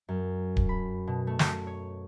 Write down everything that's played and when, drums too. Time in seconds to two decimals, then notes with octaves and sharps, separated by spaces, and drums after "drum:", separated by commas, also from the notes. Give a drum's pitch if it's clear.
0.09 F#2
0.57 drum: kick D1
0.69 B5
1.07 B2
1.27 A3
1.39 drum: snare
1.67 C#5